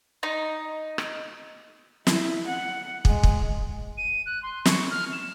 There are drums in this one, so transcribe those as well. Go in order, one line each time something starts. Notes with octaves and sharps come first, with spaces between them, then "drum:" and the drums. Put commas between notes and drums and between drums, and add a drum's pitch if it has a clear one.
D#4
drum: rim click
E4, drum: snare
F#5
G#3, drum: kick
drum: kick
D#7
F#6
C6
C#6, drum: snare
F6
E7